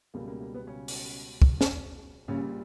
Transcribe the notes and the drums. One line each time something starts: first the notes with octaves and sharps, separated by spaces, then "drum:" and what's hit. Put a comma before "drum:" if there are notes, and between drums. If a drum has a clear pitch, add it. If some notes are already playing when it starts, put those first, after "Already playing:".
C#2 B2 G3 A#3
A#3
A#3
B3
C#3 C#4
drum: open hi-hat
drum: kick
drum: snare
A#1 A#2 C#3 G3 C#4